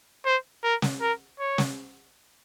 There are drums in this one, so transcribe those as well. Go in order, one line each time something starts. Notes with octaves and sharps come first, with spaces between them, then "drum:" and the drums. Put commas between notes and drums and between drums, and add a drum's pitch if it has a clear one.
C5
A#4
drum: snare
A#4
C#5
drum: snare